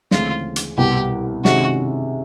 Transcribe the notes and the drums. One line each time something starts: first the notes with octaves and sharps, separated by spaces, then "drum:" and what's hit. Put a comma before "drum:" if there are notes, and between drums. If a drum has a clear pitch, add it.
D2 C#3 E3 G#3 C4 F4, drum: snare
drum: hi-hat
C2 B2 G3 B3 G4
C3 D#3 G#3 C#4 F#4, drum: snare